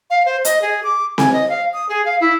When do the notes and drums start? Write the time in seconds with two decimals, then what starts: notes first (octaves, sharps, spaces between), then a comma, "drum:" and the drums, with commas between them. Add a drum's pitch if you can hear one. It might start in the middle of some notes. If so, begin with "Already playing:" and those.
0.10 F5
0.26 C5
0.45 D#5, drum: hi-hat
0.62 G#4
0.83 D6
1.18 G#5, drum: snare C4
1.33 D#5
1.49 F5
1.73 D#6
1.89 G#4
2.05 F5
2.21 E4